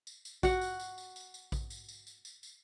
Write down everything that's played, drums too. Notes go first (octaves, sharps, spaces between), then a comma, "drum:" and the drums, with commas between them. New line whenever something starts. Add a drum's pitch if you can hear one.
drum: tambourine
drum: tambourine
F#4 F#5, drum: kick A#1, tambourine
drum: tambourine
drum: tambourine
drum: tambourine
drum: tambourine
drum: tambourine
drum: kick A#1, tambourine
drum: tambourine
drum: tambourine
drum: tambourine
drum: tambourine
drum: tambourine